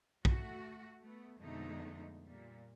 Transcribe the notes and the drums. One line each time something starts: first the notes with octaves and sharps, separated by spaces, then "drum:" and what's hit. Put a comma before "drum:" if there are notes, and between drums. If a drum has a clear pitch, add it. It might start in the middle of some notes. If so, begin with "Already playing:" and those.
A3 F#4, drum: kick
A3 B3
F2 B2 D3 G#3 A3 D#4
A#2 G3